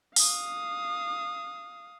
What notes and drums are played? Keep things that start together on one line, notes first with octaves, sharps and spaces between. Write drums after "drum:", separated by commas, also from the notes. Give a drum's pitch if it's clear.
F5 D#6, drum: open hi-hat